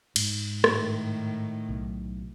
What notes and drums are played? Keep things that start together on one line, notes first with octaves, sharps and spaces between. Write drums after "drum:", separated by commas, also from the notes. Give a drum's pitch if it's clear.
G#2, drum: cymbal
A2 D#3, drum: rim click
B1